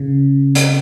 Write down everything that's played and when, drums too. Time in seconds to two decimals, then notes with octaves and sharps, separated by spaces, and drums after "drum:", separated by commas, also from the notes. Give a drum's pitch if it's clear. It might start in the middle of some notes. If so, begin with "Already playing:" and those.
Already playing: C#3
0.55 drum: hi-hat